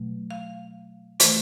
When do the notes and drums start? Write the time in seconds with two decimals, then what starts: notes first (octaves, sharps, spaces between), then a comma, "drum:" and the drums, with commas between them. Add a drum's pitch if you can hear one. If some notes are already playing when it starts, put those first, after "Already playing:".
Already playing: B2 F#3 A3
0.31 F5
1.20 E3 A3 C5, drum: hi-hat